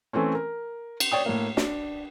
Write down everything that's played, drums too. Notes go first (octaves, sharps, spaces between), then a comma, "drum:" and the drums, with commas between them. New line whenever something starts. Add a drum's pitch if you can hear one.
E3 A3 C4 C#4
A#4
drum: cymbal
C#5 D5 G5 D#6
A2 A#3
D4, drum: snare